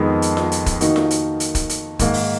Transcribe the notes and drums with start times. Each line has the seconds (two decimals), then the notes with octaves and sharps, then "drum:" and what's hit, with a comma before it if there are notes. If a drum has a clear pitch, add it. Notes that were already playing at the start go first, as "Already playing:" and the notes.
Already playing: F2 D#3 G#3 B3 D#4
0.22 drum: hi-hat
0.37 drum: snare F4
0.52 drum: hi-hat
0.66 drum: kick, hi-hat
0.81 D#3 A#3 D#4 F#4, drum: hi-hat
0.96 drum: snare F4
1.11 drum: hi-hat
1.40 drum: hi-hat
1.55 drum: kick, hi-hat
1.69 drum: hi-hat
1.99 G#2 D#3 A#3, drum: kick, hi-hat
2.14 drum: open hi-hat